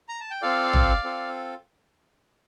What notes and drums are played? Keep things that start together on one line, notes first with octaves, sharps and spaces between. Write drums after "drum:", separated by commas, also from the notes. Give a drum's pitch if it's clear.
A#5
A5
G5
C4 F4 A4 D5 F5
drum: tom A1
C4 F4 A4